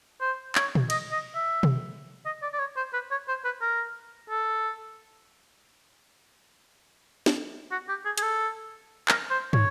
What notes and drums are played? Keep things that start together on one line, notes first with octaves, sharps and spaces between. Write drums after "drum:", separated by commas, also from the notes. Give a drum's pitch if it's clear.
C5
C#5, drum: clap
drum: tom A#2
D#5, drum: cymbal
D#5
E5
drum: tom B2
D#5
D5
D5
C#5
C5
B4
C#5
C5
B4
A#4
A4
drum: snare
F#4
G4
G#4
G#4, drum: hi-hat
A4
A#4, drum: clap
C5
C#5, drum: tom